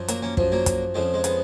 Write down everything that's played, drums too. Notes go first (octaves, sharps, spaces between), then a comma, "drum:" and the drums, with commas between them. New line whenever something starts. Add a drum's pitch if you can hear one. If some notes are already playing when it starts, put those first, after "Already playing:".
Already playing: F#2 F3
F#3 A#3, drum: hi-hat
A#3 C#4
F#2 F3, drum: kick
F#3 A#3
drum: kick, hi-hat
F2 C#3 F3 G#3
G#3
G#3 B3, drum: hi-hat